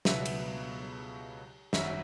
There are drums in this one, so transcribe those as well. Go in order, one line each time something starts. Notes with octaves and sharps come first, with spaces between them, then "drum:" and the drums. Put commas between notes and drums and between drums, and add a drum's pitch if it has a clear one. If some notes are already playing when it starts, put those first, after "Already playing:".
C#2 B2 F#3 B3 E5, drum: snare
drum: cymbal
G#1 F#2 F#3 E5, drum: snare